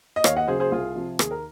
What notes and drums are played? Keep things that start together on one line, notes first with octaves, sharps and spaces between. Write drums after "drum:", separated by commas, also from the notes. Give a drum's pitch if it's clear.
D#5
D#2 C#5 F5, drum: rim click
D#5 F#5
C#3 F#3 G#4 C5
G#4 C5
C2 F4 G#4
C3 F3
D#2 G#4, drum: rim click
A#4